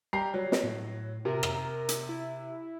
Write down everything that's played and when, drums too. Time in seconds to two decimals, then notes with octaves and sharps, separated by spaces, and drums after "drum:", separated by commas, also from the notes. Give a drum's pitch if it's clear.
0.13 G3 G4 A#5 C7
0.34 F#3
0.52 drum: snare
0.63 A2
1.25 C3 A#4
1.43 drum: rim click
1.89 drum: hi-hat
2.09 E4